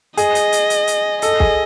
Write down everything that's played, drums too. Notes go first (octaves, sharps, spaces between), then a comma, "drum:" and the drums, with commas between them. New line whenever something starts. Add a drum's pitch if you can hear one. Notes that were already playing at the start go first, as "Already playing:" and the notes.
G#4 D#5, drum: hi-hat
drum: hi-hat
drum: hi-hat
drum: hi-hat
drum: hi-hat
A4 D#5, drum: hi-hat
G#4, drum: kick